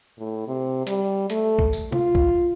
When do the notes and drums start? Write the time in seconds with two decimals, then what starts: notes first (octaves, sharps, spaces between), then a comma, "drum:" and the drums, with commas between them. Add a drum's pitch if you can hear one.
0.18 A2
0.48 C3
0.87 G3, drum: hi-hat
1.30 A3, drum: hi-hat
1.59 drum: kick
1.73 drum: tambourine
1.92 F4, drum: tom C3
2.15 drum: kick